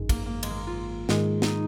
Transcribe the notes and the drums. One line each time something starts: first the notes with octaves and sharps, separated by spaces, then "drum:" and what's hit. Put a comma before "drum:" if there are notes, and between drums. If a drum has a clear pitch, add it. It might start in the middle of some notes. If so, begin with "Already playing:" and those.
Already playing: G#1 F#2 D#3 G#3
A#3, drum: kick, cymbal
A#3
G#3, drum: cymbal
A#3
F4
G#2 D#3 G#3, drum: snare
D#4, drum: snare